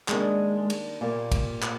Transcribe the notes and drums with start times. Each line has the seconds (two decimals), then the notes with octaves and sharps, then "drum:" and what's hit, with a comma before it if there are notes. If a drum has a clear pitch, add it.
0.08 D#3 G3 G#3 A#3 D4, drum: clap
0.70 drum: cymbal
1.01 A#2 G3 A#3
1.32 drum: kick, cymbal
1.62 drum: clap